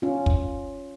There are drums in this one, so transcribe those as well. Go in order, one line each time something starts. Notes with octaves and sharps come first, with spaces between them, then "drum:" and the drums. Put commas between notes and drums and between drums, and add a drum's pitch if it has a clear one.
C#4 F4
drum: kick